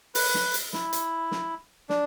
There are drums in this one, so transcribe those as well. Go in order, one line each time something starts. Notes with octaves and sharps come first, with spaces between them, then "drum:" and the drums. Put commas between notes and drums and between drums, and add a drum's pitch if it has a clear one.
B4, drum: open hi-hat
drum: snare
drum: hi-hat
E4, drum: snare
drum: hi-hat
drum: snare
D4, drum: snare